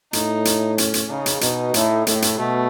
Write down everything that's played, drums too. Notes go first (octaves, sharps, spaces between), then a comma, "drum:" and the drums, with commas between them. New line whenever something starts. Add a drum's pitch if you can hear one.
A2 D#4, drum: hi-hat
drum: hi-hat
C#4, drum: hi-hat
drum: hi-hat
C#3 D#4
drum: hi-hat
B2 D#4, drum: hi-hat
A2, drum: hi-hat
A2, drum: hi-hat
drum: hi-hat
B2 A3